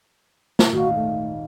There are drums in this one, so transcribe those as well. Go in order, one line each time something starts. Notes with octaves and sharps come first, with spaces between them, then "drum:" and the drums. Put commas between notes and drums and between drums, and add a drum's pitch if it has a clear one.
drum: snare
D#1 G#1 F#4 F5
A3